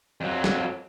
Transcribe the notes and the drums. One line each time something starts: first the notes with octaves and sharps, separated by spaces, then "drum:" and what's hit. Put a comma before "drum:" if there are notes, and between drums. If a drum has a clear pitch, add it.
F2 F#3
drum: snare